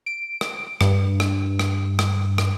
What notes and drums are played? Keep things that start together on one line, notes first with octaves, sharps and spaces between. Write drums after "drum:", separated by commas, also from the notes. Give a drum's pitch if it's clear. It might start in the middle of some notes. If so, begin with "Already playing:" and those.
D7
drum: rim click
G2, drum: rim click
drum: rim click
drum: rim click
drum: rim click
drum: rim click